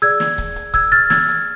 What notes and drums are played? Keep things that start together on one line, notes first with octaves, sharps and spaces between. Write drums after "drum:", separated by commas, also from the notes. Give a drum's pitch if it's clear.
G#4 D5 E6 G#6, drum: hi-hat
drum: snare
drum: kick C#1, hi-hat
drum: hi-hat
E6 G#6, drum: kick C#1, hi-hat
F6 A6
E6 G#6, drum: snare
drum: hi-hat